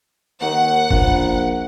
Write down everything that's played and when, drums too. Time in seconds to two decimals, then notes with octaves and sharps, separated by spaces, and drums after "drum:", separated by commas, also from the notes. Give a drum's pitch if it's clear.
0.42 D#2 F#5
0.91 A#1, drum: kick F1